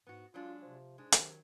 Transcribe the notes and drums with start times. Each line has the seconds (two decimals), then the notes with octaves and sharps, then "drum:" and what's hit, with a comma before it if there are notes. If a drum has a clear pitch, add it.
0.07 G#2 B3 F#4
0.34 F#3 G#3 D4 F4
0.62 C3 F3
0.98 G#2 G#3 D4
1.12 C3 D#3 F#3, drum: hi-hat